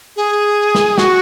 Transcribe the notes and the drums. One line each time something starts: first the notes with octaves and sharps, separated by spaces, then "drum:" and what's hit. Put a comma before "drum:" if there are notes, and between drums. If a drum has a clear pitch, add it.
G#4
drum: snare
F#4, drum: snare